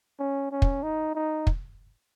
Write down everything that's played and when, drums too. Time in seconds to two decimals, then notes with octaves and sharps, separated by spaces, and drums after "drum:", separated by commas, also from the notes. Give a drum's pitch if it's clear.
0.19 C#4
0.52 C#4
0.62 drum: kick
0.83 D#4
1.15 D#4
1.47 drum: kick